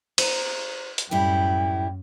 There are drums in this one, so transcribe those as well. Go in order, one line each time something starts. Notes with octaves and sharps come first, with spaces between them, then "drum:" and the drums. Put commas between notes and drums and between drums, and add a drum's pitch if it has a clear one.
C5 A#5, drum: cymbal
drum: hi-hat
F#2 A2 G3 E4 G5